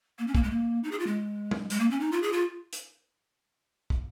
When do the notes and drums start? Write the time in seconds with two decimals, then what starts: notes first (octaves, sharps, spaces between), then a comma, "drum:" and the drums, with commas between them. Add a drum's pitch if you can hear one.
0.19 A#3
0.27 C#4
0.35 A#3, drum: kick
0.43 G#3
0.51 A#3
0.84 D#4
0.91 G#4
0.99 F4
1.07 G#3
1.51 drum: tom F#3
1.70 G#3, drum: hi-hat
1.79 A#3
1.90 C#4
2.00 D#4
2.12 F4
2.22 G#4
2.33 F4
2.73 drum: hi-hat
3.90 drum: kick